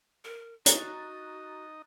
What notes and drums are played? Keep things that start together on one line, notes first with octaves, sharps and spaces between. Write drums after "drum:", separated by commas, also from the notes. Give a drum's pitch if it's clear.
A#4
D#4 F#4 D#5 A#5 F#6 A6, drum: hi-hat